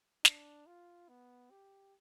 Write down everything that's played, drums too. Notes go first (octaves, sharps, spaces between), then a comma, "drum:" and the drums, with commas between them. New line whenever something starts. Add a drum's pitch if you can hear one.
D4, drum: snare
F4
B3
G4